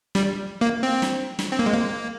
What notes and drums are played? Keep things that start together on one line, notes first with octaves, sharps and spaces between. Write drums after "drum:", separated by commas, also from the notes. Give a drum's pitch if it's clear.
G3, drum: snare
A#3
C4
drum: snare
drum: snare
C4
A#3
G#3
A#3